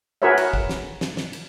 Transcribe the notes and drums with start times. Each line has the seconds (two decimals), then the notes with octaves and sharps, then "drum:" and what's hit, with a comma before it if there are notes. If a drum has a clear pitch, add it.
0.22 F#4 G#4 A#4 B4 C#5 E5
0.38 drum: cymbal
0.53 drum: kick
0.69 drum: snare
1.01 drum: snare
1.17 drum: snare
1.33 drum: cymbal